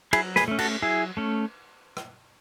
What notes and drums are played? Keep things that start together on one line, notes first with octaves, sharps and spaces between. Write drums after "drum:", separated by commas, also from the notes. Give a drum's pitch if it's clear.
F#3 E4 G#4, drum: cymbal
G#4 B4, drum: snare
A3 C#4
F#4 A4, drum: cymbal
F#3 E4 G#4
A3 C#4
drum: rim click